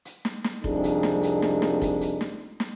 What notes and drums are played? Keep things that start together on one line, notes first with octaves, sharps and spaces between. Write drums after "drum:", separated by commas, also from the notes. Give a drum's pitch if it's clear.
drum: hi-hat
drum: snare
drum: snare
C2 F2 D4 D#4 G#4, drum: kick F1
drum: hi-hat
drum: snare
drum: hi-hat
drum: snare
drum: snare
drum: kick F1, hi-hat
drum: hi-hat
drum: snare
drum: snare